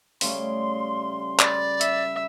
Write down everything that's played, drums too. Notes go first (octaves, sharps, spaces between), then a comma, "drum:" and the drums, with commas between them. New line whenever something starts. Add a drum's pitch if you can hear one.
C#3 G3 A3 C6, drum: open hi-hat
D5 B5, drum: clap
E5, drum: hi-hat